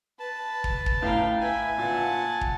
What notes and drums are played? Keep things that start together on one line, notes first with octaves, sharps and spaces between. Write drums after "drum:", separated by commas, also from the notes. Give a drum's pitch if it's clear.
B4 A5
drum: kick
drum: kick
A2 F5 G5 A#5
B4 E5 G#5
A#2 F#5 A5
drum: kick